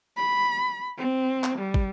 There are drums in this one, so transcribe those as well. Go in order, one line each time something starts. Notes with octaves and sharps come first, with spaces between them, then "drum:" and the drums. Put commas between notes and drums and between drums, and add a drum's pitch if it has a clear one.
B5
C4
drum: clap
G3
drum: kick